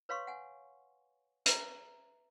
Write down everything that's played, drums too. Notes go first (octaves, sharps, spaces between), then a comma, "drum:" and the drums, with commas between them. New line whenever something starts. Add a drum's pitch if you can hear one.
B4 C#5 F5 C6 C#6
F#5 G#5
B4 E5 A#5, drum: hi-hat